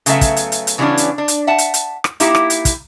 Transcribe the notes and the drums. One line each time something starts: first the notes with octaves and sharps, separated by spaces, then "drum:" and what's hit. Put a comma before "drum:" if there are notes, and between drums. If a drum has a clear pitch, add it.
C#3 F#3 A3 B3 E5, drum: hi-hat
drum: kick, hi-hat
drum: hi-hat
drum: hi-hat
drum: hi-hat
C#3 E3 G3 B3 C#4 D4
drum: hi-hat
D4
drum: hi-hat
E5 F#5 A5
drum: hi-hat
drum: hi-hat
drum: rim click
A#3 D#4 E4 G4, drum: hi-hat
drum: rim click
drum: hi-hat
drum: kick, hi-hat